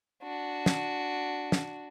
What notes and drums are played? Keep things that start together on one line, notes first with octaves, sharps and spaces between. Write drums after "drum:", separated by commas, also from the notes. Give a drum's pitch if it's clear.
D4 F#4
drum: snare
drum: snare